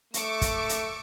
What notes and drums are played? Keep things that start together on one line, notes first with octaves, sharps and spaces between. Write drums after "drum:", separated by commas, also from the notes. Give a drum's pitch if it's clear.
A3 C#6 D6 E6, drum: hi-hat
drum: kick, hi-hat
drum: hi-hat